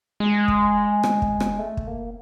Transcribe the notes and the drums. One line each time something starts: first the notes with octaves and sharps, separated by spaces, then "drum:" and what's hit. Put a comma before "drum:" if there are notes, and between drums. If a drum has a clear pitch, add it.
G#3
drum: kick
drum: rim click
drum: kick
drum: rim click
A3
drum: kick
A#3